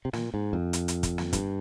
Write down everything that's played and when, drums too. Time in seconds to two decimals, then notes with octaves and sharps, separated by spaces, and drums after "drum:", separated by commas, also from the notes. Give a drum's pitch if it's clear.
0.05 C3
0.13 A#2, drum: snare
0.34 G#2
0.53 F2
0.73 drum: hi-hat
0.88 drum: hi-hat
1.03 drum: kick, hi-hat
1.18 drum: snare
1.33 G2, drum: kick, hi-hat